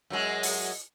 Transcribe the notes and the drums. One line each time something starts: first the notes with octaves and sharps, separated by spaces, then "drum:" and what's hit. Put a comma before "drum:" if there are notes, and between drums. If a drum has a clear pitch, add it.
F#2 F#3 G#3
drum: open hi-hat